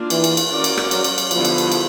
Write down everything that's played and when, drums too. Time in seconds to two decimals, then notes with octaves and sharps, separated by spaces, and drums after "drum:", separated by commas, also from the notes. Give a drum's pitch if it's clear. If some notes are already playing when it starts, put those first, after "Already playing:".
Already playing: A#3 D4 F4
0.10 E3, drum: cymbal
0.24 drum: cymbal
0.37 drum: cymbal
0.50 C#4 F#4 A#4 D5
0.64 drum: cymbal
0.78 drum: rim click
0.91 F#3, drum: cymbal
1.04 drum: cymbal
1.18 drum: cymbal
1.31 D3 F3 G3 B3 E4, drum: cymbal
1.45 drum: cymbal
1.58 drum: cymbal
1.72 drum: cymbal